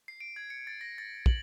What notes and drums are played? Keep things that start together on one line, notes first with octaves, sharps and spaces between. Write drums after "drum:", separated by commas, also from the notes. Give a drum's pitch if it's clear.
C7
D7
G#6
C#7
A6
A#6
A6
F#7, drum: kick